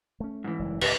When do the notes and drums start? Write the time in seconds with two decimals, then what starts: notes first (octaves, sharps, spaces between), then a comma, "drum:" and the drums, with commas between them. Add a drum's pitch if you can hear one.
0.20 A3 C#4
0.44 G#2 E3
0.59 F#1 G3
0.82 C#2 A2 D3 G4 B4 D#5, drum: cymbal